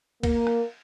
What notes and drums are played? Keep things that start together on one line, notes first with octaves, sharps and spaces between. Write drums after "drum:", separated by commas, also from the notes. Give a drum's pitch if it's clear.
A#3, drum: kick, cymbal
drum: rim click